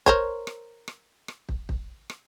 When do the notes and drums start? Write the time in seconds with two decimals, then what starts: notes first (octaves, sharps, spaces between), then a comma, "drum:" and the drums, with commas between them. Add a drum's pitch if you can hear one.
0.06 A#4 C5 C#5, drum: kick
0.47 drum: rim click
0.88 drum: rim click
1.28 drum: rim click
1.49 drum: kick
1.69 drum: kick
2.10 drum: rim click